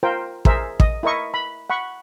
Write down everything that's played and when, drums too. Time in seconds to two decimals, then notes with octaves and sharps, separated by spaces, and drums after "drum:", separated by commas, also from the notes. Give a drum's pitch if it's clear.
0.03 F4 A#4 C5 G5
0.45 G#4 A#4 C5 E5, drum: kick
0.80 D#5, drum: kick
1.03 E4 A#4 D#5 C#6
1.34 B5
1.70 F#5 B5 C#6